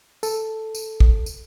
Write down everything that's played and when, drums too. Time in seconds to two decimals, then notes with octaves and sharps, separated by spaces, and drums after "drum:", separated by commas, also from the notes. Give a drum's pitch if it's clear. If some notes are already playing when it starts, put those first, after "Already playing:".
0.23 A4, drum: tambourine
0.75 drum: tambourine
1.00 drum: kick
1.26 drum: tambourine